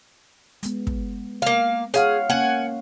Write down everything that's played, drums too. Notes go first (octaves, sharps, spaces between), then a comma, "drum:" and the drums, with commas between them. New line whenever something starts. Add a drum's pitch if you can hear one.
G#3 B3, drum: hi-hat
drum: kick
A#3 F5
G#4 C#5 F5 F#5, drum: hi-hat
A#3 C#4 F#5 G#5